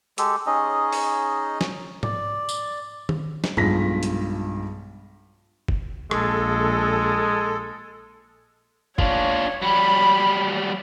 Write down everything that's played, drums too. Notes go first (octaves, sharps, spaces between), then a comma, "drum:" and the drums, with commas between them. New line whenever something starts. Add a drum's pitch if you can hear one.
G#3 G4 A4, drum: hi-hat
C#4 D#4 G#4 D#5
drum: open hi-hat
drum: snare
D5, drum: tom G#2
drum: tambourine
drum: tom D#3
drum: snare
B1 G2 G#3 F4 A#6 B6, drum: tom G2
drum: hi-hat
drum: kick
A#1 G#3 A4, drum: rim click
D4 F4 C#5, drum: kick
F#3 G3 B5